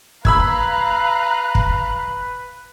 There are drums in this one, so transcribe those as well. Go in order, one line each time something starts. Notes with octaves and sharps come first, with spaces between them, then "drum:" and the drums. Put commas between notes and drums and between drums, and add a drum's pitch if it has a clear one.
B4 F5 A#5 B5 E6 F#6 G#6, drum: kick
drum: kick